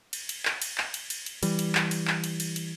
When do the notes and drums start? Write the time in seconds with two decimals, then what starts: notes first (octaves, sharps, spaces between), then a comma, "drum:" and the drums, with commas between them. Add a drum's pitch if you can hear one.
0.13 drum: cymbal
0.29 drum: cymbal
0.45 drum: clap
0.62 drum: cymbal
0.78 drum: clap
0.94 drum: cymbal
1.10 drum: cymbal
1.26 drum: cymbal
1.43 E3 G3, drum: cymbal
1.59 drum: cymbal
1.75 drum: clap
1.91 drum: cymbal
2.07 drum: clap
2.24 drum: cymbal
2.40 drum: cymbal
2.56 drum: cymbal